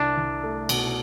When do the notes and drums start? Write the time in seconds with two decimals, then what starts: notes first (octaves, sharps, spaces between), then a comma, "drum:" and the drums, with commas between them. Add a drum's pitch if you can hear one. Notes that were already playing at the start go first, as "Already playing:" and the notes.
Already playing: C2 D4
0.17 C2
0.43 A3
0.69 B2, drum: cymbal